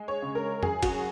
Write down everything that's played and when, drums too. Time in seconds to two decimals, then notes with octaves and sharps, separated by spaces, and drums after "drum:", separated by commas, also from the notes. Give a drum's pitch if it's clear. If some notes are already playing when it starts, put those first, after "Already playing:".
Already playing: G#3
0.08 C#5
0.22 C#3
0.35 A#4
0.63 F#2 G#4, drum: tom F2
0.83 F#4, drum: kick, cymbal